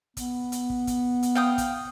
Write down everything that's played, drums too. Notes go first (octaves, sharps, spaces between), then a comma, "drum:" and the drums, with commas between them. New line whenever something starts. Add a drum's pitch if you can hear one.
B3, drum: kick, hi-hat
drum: hi-hat
drum: kick
drum: kick, hi-hat
drum: hi-hat
F5 G5 D#6
drum: kick, hi-hat